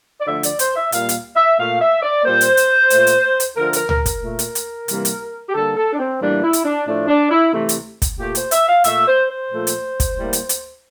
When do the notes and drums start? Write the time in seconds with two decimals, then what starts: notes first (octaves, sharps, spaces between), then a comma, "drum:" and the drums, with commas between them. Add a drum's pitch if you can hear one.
0.20 D5
0.26 D3 F3 A3 E5
0.43 D5, drum: hi-hat
0.59 C5, drum: hi-hat
0.75 E5
0.92 A#2 G3 A#3 F5, drum: hi-hat
1.09 drum: hi-hat
1.36 E5
1.58 A#2 A3 F5
1.80 E5
2.02 D5
2.24 A#2 G3 A#3 C5
2.41 drum: hi-hat
2.57 drum: hi-hat
2.90 A#2 A3, drum: hi-hat
3.07 drum: hi-hat
3.40 drum: hi-hat
3.56 D3 F3 A3 A#4
3.73 A#4, drum: hi-hat
3.89 A#4, drum: tom C#2
4.06 A#4, drum: kick, hi-hat
4.22 A#2 A3
4.39 drum: hi-hat
4.55 drum: hi-hat
4.88 C3 E3 G3 A#3, drum: hi-hat
5.05 drum: hi-hat
5.49 G4
5.54 D3 G3 A#3 A4
5.76 A4
5.93 D4
5.99 C4
6.20 A2 E3 G3 A#3 D4
6.43 E4
6.53 drum: hi-hat
6.64 D4
6.86 A2 F3 A3 D4
7.08 D4
7.30 E4
7.52 C3 E3 A3
7.69 drum: hi-hat
8.02 drum: kick, hi-hat
8.18 A#2 A3 G4
8.35 C5, drum: hi-hat
8.51 E5, drum: hi-hat
8.67 F5
8.84 A#2 A3 E5, drum: hi-hat
9.07 C5
9.28 C5
9.51 A#2 F3 A3
9.67 drum: hi-hat
10.00 drum: kick, hi-hat
10.16 A2 G3 A#3
10.33 drum: hi-hat
10.49 drum: hi-hat